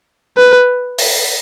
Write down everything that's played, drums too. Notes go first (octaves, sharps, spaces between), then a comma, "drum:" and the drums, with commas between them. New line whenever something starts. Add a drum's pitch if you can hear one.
B4
drum: open hi-hat